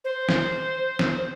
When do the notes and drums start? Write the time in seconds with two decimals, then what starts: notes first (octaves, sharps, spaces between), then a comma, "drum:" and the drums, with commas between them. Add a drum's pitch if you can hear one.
0.04 C5
0.29 drum: snare
0.99 drum: snare